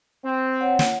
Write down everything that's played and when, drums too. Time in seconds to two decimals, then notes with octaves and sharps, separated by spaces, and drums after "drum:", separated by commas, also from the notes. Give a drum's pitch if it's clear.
0.24 C4
0.61 C#5 F#5
0.79 drum: snare